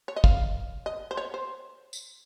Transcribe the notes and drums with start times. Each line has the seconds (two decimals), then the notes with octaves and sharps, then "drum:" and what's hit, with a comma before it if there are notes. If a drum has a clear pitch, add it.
0.08 C#5
0.16 D#5
0.24 F5, drum: kick
0.86 D#5
1.11 C5
1.17 C#5
1.34 C5
1.93 drum: tambourine